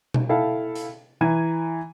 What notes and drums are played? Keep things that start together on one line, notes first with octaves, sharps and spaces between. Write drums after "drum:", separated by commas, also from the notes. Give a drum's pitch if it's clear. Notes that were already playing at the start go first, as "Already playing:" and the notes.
drum: tom B2
E4 A4 F5 G5
drum: hi-hat
E3 A#5 G#6 D#7